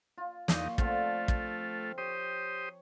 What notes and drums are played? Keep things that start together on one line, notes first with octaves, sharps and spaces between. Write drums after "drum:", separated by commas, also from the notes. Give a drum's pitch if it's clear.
F4
E2 A#2 D#4 C#6, drum: snare
D3 F3 A3 C4 F4, drum: kick
drum: kick
G4 C5 C#5 D#6